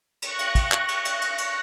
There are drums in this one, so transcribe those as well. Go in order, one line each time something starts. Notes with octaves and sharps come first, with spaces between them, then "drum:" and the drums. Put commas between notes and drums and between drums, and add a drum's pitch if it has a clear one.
C#6 F#6 A#6, drum: cymbal
drum: cymbal
drum: kick, cymbal
drum: clap
drum: cymbal
drum: cymbal
drum: cymbal
drum: cymbal